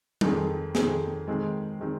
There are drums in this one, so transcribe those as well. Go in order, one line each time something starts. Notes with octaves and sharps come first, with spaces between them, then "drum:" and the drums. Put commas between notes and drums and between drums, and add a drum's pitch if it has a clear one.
F2 D#3 C4 G#4, drum: tom F#3
F2 D#3 C4 G#4, drum: snare
D#3 G#3 C4
D#3 G#3 C4